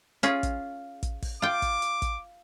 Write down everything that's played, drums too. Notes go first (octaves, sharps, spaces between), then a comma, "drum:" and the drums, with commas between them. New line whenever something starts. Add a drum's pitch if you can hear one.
C#4 F4 G#4, drum: hi-hat
drum: kick, hi-hat
drum: kick, hi-hat
drum: kick, open hi-hat
F4 G5 D6
drum: kick, hi-hat
drum: hi-hat
drum: kick, hi-hat